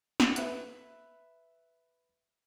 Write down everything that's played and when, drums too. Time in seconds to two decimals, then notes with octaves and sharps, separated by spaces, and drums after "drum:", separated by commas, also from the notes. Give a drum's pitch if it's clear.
0.20 drum: snare
0.36 B4 E5 F#6, drum: hi-hat